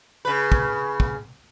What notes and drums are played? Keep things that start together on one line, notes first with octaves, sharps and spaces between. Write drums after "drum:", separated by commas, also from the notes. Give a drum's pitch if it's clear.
C#3 B4
drum: kick
drum: kick